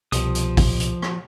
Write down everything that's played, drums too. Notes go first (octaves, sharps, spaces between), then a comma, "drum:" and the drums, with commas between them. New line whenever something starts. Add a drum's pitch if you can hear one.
C2 B2 F3 G4 D#6, drum: hi-hat
drum: hi-hat
drum: kick, open hi-hat
drum: hi-hat
drum: rim click